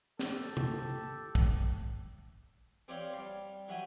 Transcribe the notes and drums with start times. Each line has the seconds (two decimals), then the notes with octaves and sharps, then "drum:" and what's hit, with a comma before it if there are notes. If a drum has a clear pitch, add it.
0.19 G4 A4, drum: snare
0.57 drum: tom C3
1.35 drum: kick
2.88 C4 G4 C#5 D5 F5 G5
3.13 G3 F5
3.68 F#3 F#4 G4 E5 G#5